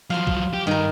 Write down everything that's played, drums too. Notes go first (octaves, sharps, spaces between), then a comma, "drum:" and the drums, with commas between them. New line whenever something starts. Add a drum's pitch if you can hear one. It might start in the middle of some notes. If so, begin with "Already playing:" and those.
F3 F#3 F5 C6
drum: kick B1
G4
G2 D#3 A#4